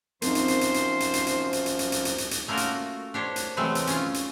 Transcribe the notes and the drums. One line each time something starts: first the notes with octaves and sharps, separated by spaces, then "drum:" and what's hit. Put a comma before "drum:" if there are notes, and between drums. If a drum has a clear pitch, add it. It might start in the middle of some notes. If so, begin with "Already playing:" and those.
F#2 F3 C4 D#4 A#4 C5, drum: hi-hat
drum: hi-hat
drum: hi-hat
drum: hi-hat
drum: hi-hat
drum: hi-hat
drum: hi-hat
drum: hi-hat
drum: hi-hat
drum: hi-hat
drum: hi-hat
drum: hi-hat
drum: hi-hat
drum: hi-hat
drum: hi-hat
A3 A#3 C#4 F4 F#4 A#4
drum: hi-hat
D4 G4 C5 C#5
drum: hi-hat
C3 E3 F#3 G#3 A3 C4
drum: hi-hat
C#4 F4, drum: hi-hat
drum: hi-hat